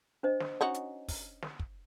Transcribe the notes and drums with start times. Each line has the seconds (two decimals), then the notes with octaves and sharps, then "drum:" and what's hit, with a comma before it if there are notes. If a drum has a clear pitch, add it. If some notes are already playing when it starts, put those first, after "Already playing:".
0.23 D4 C5 D#5
0.40 drum: snare
0.61 C#4 D#4 F#4
0.74 drum: hi-hat
1.08 drum: kick, open hi-hat
1.42 drum: snare
1.59 drum: kick